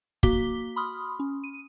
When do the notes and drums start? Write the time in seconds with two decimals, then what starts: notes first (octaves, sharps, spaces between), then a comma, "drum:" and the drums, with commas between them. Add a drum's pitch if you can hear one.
0.23 A#3 F#4 D6 B6 G7, drum: kick
0.76 B5 C6 D#6 F6
1.20 C#4
1.44 D#7